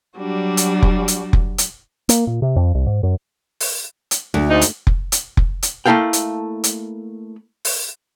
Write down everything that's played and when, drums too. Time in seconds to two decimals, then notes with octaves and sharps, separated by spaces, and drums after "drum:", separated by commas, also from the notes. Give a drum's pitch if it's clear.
0.18 F#3 G3 D4 F#4
0.57 drum: hi-hat
0.83 drum: kick F1
1.08 drum: hi-hat
1.33 drum: kick F1
1.58 drum: hi-hat
2.09 A#3, drum: hi-hat
2.27 A#2
2.42 C3
2.56 F2
2.75 C2
2.86 G#2
3.03 F#2
3.60 drum: open hi-hat
4.11 drum: hi-hat
4.34 D2
4.49 G#2 D#4
4.61 drum: hi-hat
4.87 drum: kick F1
5.12 drum: hi-hat
5.37 drum: kick F1
5.63 drum: hi-hat
5.86 A3 A#3 E4 A4 F5 G5
6.13 drum: hi-hat
6.64 drum: hi-hat
7.65 drum: open hi-hat